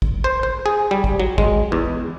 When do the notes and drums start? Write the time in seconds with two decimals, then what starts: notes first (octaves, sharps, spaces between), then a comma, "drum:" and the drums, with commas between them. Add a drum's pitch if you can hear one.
0.02 drum: kick
0.24 C5
0.43 C5
0.66 G#4
0.91 G3
1.04 drum: kick
1.20 F#3
1.38 G#3, drum: kick
1.72 E2